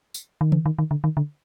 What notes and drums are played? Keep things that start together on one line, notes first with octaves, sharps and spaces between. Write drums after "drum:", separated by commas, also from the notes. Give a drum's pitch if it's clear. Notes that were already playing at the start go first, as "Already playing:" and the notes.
drum: tambourine
D#3
D3, drum: tom D#3
D#3
D#3
D3
D#3
D3